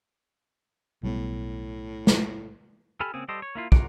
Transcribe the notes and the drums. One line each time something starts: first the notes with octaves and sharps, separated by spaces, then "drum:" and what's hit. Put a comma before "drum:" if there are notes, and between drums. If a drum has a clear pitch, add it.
B1 A2 G3 B3
drum: snare
G4 A4 G#5 B5 F6
C#3 A#3 C4 G#4
G3 G4 A4 C5 D#5
C#5
A#3 E4 F4
F4 A#4 C#5 F#5 D6, drum: kick